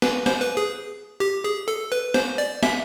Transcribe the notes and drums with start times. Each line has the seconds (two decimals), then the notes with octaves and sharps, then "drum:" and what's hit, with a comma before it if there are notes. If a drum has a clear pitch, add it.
0.02 B4, drum: snare
0.26 C5, drum: snare
0.41 B4
0.57 G#4
1.20 G4
1.44 G#4
1.68 A4
1.92 B4
2.14 C5, drum: snare
2.38 D5
2.63 E5, drum: snare